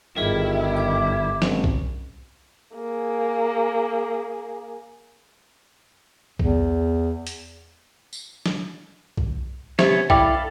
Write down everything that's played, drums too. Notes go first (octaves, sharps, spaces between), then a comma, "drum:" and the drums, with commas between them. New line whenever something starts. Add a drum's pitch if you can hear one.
G1 D#3 G3 E4 F4 G#4
D6
G#1 C#4, drum: snare
drum: kick B1
A#3 G#4
E2, drum: kick B1
drum: hi-hat
drum: tambourine
drum: snare
drum: kick B1
C3 B3 C#4 C#5, drum: snare
E4 A4 D5 F5 G5 B5, drum: kick B1